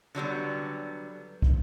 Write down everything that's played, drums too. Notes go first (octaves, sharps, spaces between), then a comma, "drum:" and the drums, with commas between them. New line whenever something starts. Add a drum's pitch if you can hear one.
D3 F#3 G3 B3
drum: kick